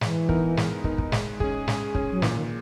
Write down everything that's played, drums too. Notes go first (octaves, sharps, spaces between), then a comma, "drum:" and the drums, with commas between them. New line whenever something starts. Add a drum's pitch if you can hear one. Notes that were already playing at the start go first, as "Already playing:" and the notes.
E3 G#3, drum: snare
B3 D#4 A#4, drum: kick
G#3, drum: snare
B3 D#4 A#4, drum: kick
drum: kick
G#3, drum: snare
C#4 G#4, drum: kick
G#3, drum: snare
C#4 G#4, drum: kick
F#3
A#2 E3, drum: snare
D#3